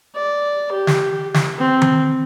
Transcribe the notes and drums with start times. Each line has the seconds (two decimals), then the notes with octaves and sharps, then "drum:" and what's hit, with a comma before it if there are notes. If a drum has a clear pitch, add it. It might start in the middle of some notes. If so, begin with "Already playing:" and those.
0.15 D5
0.72 G4
0.87 drum: snare
1.34 drum: snare
1.58 C4
1.82 drum: tom D#3